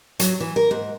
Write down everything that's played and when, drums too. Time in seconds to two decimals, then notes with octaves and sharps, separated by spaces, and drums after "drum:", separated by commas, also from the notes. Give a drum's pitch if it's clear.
0.20 F#3, drum: hi-hat
0.40 E3
0.56 A#4
0.71 G#2